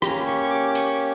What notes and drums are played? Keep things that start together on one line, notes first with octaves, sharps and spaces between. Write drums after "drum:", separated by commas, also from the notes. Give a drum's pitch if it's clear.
A#3 C#4 G4 A#5, drum: rim click
C#6
C#6
D6
C#6, drum: hi-hat